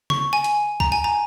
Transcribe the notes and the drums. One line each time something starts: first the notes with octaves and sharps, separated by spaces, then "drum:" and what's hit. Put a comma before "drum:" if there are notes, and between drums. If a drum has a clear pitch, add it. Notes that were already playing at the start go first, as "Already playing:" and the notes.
C#6, drum: tom C#3
G#5
drum: hi-hat
A#5, drum: kick
G#5
A#5